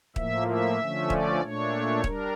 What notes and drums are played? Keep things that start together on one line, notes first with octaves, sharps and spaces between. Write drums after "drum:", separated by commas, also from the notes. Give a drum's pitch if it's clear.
A2 F3 A#3 E5, drum: kick
E5
D3 F3 A3 C#4
D5, drum: kick
A#2 A3 D4 C#5
G3 D4 A#4, drum: kick